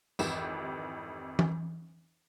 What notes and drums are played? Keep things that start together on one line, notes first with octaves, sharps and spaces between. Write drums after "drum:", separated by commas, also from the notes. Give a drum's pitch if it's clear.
G#1 F2 E3 G4 E7, drum: tambourine
drum: tom E3